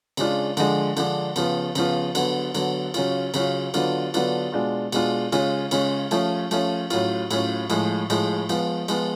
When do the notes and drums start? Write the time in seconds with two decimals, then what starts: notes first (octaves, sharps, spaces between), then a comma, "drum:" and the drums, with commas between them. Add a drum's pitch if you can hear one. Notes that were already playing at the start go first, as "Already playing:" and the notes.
0.17 C#3 G#3 D4 F4, drum: cymbal
0.57 D3 F3 G#3 D4, drum: cymbal
0.97 D3 F3 G#3 D4, drum: cymbal
1.36 C#3 F3 B3 F4, drum: cymbal
1.75 C#3 F3 B3 F4, drum: cymbal
2.15 D3 F#3 B3, drum: cymbal
2.55 D3 F#3 B3, drum: cymbal
2.94 C#3 F#3 C#4 F4, drum: cymbal
3.34 C#3 F#3 C#4 F4, drum: cymbal
3.74 D3 F#3 B3 D4 F4, drum: cymbal
4.14 D3 F#3 B3 D4 F4, drum: cymbal
4.52 B2 G#3 D4 F4
4.92 B2 G#3 D4 F4, drum: cymbal
5.32 C#3 G#3 C#4 F4, drum: cymbal
5.71 C#3 G#3 C#4 F4, drum: cymbal
6.11 F3 A3 C#4 F4, drum: cymbal
6.51 F3 A3 C#4 F4, drum: cymbal
6.90 A2 F#3 C#4 F4, drum: cymbal
7.31 A2 F#3 C#4 F4, drum: cymbal
7.70 A2 F3 G#3, drum: cymbal
8.10 A2 F3 G#3, drum: cymbal
8.49 F3 G#3 B3 F4, drum: cymbal
8.88 F3 G#3 B3 F4, drum: cymbal